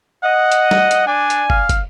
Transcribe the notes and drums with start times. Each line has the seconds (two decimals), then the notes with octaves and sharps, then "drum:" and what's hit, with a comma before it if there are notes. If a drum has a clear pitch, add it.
0.23 D#5 F#5
0.52 drum: hi-hat
0.71 drum: snare
0.91 drum: hi-hat
1.07 D4 D5 G#5
1.30 drum: hi-hat
1.50 F5, drum: kick
1.69 drum: kick, hi-hat